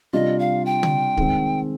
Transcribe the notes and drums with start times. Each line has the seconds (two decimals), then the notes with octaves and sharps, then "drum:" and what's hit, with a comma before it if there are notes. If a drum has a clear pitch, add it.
0.13 C3 G3 D4 F4 D#5
0.39 F5
0.66 G5
0.83 drum: tom
1.17 D#3 G#3 C4, drum: kick